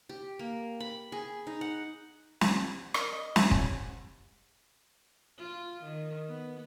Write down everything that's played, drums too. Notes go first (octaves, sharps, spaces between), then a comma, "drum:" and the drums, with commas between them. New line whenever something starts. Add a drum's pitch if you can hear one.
G4
A#3
B5
G#4
D#4
F#5
drum: snare
A#4, drum: rim click
D#5
E4, drum: snare
C#4, drum: kick
F4
D#3
B3